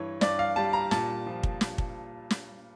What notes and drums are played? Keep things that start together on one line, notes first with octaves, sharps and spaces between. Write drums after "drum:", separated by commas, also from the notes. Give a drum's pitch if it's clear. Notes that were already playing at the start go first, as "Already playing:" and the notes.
Already playing: G2 E3 C#5
G2 D5, drum: snare
F5
G3 A5
A#5
A#2 A5, drum: snare
F3
drum: kick
drum: snare
drum: kick
drum: snare